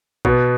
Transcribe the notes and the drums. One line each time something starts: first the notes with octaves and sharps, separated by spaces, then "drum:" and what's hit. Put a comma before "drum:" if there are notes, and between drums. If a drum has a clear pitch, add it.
B2 B3, drum: kick